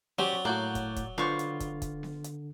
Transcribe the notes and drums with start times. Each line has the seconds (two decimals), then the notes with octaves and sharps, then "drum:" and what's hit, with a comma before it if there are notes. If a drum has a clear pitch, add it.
0.19 F#3 C#4 G4 C5 D5
0.32 drum: snare B3
0.45 A2 A#3 F#4 D5 F#6 G6
0.75 drum: kick, hi-hat
0.96 drum: kick, hi-hat
1.18 D3 F4 B4 C5 C#6 D6, drum: snare B3
1.39 drum: hi-hat
1.60 drum: kick, hi-hat
1.82 drum: kick, hi-hat
2.03 drum: snare B3
2.24 drum: hi-hat